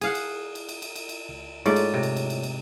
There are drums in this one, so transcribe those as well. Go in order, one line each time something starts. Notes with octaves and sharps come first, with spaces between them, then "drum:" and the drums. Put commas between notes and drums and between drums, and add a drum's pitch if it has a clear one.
G#4 F5 F#5, drum: cymbal
drum: cymbal
drum: cymbal
drum: cymbal
drum: cymbal
drum: cymbal
drum: cymbal
C#2
G#2 A3 F4 C#5 D5, drum: cymbal
drum: cymbal
C3
drum: cymbal
drum: cymbal
drum: cymbal
drum: cymbal